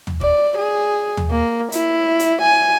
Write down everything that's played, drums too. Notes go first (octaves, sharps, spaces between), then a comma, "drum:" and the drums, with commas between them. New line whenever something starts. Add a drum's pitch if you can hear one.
drum: tom
D5, drum: kick F1
G#4
drum: tom
A#3
E4, drum: hi-hat
drum: hi-hat
G#5